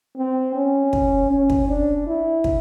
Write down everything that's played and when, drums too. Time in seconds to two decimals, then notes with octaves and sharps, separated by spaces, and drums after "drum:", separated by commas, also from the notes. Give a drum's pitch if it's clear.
0.17 C4
0.55 C#4
0.93 drum: kick
1.31 C#4
1.50 drum: kick
1.69 D4
2.07 E4
2.44 drum: kick